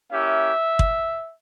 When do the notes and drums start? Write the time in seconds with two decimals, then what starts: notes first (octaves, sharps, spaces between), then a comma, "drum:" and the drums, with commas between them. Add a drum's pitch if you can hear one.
0.11 A#3 C#4 E4 G4 E5
0.79 drum: kick